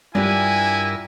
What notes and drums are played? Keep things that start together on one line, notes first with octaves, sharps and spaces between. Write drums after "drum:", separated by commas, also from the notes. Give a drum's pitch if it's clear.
G2 D4 E4 F4 G4 A#4 G#5 E6, drum: tom G3